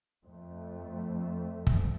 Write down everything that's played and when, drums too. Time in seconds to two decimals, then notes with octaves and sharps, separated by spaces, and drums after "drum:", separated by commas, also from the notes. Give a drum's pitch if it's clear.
0.24 F2 A3
1.67 drum: kick